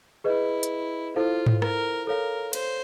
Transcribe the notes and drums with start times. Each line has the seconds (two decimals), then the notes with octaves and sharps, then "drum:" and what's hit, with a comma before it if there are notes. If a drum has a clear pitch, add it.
0.24 E4 G#4 B4 D#5
0.63 drum: hi-hat
1.16 E4 F4 A4 C5 F5
1.46 drum: tom G#2
1.62 A#4, drum: rim click
2.07 A4 A#4 C#5 F5
2.53 C5, drum: cymbal